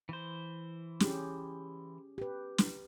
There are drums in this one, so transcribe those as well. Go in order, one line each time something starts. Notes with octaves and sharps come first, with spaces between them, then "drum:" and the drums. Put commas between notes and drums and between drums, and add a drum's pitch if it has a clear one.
E3 C5
C#4 G4 G#4, drum: snare
G4 B4
drum: snare